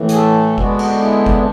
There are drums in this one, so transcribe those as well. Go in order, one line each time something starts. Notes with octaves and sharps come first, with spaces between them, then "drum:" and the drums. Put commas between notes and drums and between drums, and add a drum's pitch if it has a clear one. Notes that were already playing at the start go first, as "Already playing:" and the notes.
Already playing: A2 E3
G#4, drum: hi-hat
A3 A4
D3 G#3 B3 D4 F#4, drum: kick G1
drum: cymbal
E4
drum: kick G1